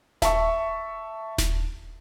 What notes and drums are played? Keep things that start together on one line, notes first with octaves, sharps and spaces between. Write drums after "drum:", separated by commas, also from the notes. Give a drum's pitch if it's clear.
E5 A5 C#6, drum: snare D#1
drum: snare D#1